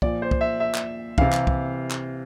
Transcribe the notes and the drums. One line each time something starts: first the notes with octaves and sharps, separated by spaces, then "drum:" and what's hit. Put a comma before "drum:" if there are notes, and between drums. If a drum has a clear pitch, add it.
A#2 F3 D5, drum: kick
C5
drum: kick
E5
E5
drum: clap
C3 E3 F5, drum: kick
drum: clap
drum: kick
drum: clap